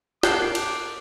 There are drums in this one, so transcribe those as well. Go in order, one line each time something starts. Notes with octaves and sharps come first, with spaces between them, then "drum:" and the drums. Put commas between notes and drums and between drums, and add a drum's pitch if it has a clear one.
A#4 A5 D6 F#6 G6 C7 G7, drum: snare
drum: cymbal